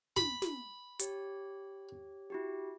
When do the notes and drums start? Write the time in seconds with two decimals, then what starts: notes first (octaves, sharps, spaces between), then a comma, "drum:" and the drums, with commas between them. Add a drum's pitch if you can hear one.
0.16 B5, drum: snare
0.42 drum: snare
0.99 G4 C#5, drum: hi-hat
2.30 E4 F#4 G4